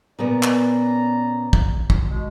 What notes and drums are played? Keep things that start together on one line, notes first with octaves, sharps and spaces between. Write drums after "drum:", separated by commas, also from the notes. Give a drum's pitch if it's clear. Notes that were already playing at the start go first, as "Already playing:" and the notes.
A#2 C#3 B3 D5 A#5
drum: clap
drum: kick
drum: kick
B2 G#3